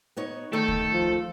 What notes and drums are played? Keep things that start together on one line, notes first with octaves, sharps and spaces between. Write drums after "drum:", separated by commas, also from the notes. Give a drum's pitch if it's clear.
B3 D#4 C#5
D#3 A3 A4
drum: kick
F3